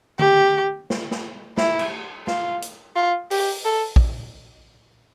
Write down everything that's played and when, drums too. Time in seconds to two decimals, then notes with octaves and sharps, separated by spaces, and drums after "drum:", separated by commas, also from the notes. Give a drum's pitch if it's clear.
0.19 G4, drum: tom D3
0.90 drum: snare
1.11 drum: snare
1.57 E4, drum: snare
1.79 drum: cymbal
2.27 F4, drum: snare
2.62 drum: hi-hat
2.96 F4
3.31 G4, drum: open hi-hat
3.65 A4
3.96 drum: kick